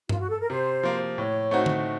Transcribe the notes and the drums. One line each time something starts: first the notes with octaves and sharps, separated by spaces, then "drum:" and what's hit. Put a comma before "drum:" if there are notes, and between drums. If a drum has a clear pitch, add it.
F4, drum: tom G2
F#4
A4
A#4
C3 C5
F3 A#3
A2 C#5
A3 C4 D#4 F#4
drum: tom D3